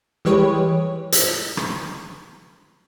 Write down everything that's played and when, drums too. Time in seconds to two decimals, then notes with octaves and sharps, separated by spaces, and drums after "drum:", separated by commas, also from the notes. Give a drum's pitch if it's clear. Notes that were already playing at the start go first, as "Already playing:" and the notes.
0.25 E3 G3 G#3 G4 B4 C#5
1.12 drum: hi-hat
1.57 drum: rim click